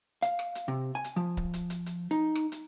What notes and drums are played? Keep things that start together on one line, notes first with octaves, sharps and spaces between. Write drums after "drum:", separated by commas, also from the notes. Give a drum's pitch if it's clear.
F5, drum: hi-hat
drum: rim click
drum: hi-hat
C3
G#5
drum: hi-hat
F3
drum: kick C#1
drum: hi-hat
drum: hi-hat
drum: hi-hat
D#4
drum: rim click
drum: hi-hat